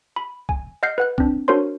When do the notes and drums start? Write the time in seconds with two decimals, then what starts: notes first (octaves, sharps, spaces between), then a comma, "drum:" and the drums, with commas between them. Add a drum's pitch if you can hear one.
0.16 B5
0.49 G#5, drum: kick
0.83 D#5 F#5 F6 G6 C7
0.98 B4 F#5 F#6
1.18 C4 D4, drum: kick
1.48 D4 F#4 A#4 C5 C#5 C6